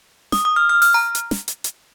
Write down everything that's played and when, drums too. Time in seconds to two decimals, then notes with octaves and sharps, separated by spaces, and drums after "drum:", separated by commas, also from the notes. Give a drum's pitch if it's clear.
0.32 D#6, drum: snare
0.45 D#6
0.56 F6
0.69 F6
0.82 F6, drum: open hi-hat
0.94 A#5
1.15 drum: hi-hat
1.31 drum: snare
1.48 drum: hi-hat
1.64 drum: hi-hat